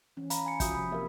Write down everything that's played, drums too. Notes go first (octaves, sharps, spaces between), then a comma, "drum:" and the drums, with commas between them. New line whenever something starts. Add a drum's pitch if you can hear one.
E3 C#4
F5 A#5 B5, drum: hi-hat
G#5 C#7
F4 F#4 E5 D#6 G6, drum: kick, hi-hat
C3 F3 B5
A#3 G4 A#4 E5 F5